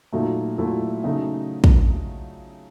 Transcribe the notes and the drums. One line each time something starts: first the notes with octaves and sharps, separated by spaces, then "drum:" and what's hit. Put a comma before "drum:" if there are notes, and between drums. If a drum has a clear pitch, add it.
A#2 F#3 A3 D#4
A#2 F#3 A3 E4
C#3 F#3 A3 D#4
drum: kick